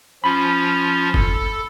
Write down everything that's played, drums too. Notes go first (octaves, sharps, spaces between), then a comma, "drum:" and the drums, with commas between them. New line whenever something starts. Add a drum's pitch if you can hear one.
F3 C#4 F4 B5
A4, drum: kick F#1